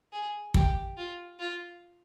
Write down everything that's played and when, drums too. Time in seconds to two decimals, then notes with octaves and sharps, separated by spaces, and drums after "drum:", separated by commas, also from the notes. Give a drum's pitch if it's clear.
0.12 G#4
0.54 G4, drum: kick
0.97 F4
1.39 F4